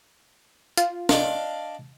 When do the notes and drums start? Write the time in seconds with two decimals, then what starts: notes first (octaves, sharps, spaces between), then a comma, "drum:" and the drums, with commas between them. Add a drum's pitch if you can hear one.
0.77 F4, drum: hi-hat
1.09 D4 D#5 F5, drum: snare